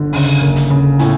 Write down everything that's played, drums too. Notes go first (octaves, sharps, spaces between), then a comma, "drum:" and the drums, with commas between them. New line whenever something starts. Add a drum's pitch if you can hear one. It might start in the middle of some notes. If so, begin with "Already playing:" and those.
Already playing: G1 D3
C#3, drum: open hi-hat
F#1
drum: hi-hat
C#3
A2 G#5, drum: hi-hat